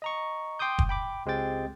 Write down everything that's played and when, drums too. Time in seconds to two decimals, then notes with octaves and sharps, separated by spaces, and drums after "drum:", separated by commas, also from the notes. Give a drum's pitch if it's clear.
0.02 D#5 A#5 C#6
0.59 G5 C6 D6 D#6 G6
0.79 drum: kick
0.89 G5 B5 D6
1.26 C#2 G#3 C4 G4 G5 A6